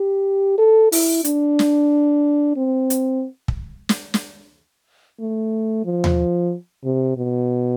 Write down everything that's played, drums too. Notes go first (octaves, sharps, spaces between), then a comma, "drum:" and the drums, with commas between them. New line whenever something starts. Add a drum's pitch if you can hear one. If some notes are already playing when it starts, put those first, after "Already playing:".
Already playing: G4
A4
E4, drum: open hi-hat
D4, drum: hi-hat
drum: snare
C4
drum: hi-hat
drum: kick
drum: snare
drum: snare
A3
F3
drum: tom D#2
C3
B2